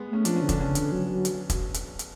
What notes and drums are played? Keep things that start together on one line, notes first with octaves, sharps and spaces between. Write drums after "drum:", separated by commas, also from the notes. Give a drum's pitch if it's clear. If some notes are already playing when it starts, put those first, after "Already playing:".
Already playing: G#3 B3
A3 C#4
F3 D4, drum: hi-hat
C#4
D3
D4, drum: kick, hi-hat
C#3 C#4
D3, drum: hi-hat
F#3
F#3
drum: hi-hat
drum: kick, hi-hat
drum: hi-hat
drum: hi-hat